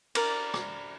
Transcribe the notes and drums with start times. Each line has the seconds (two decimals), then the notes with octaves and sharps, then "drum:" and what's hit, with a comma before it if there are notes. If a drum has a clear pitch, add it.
0.15 A#4 D5, drum: cymbal
0.54 drum: rim click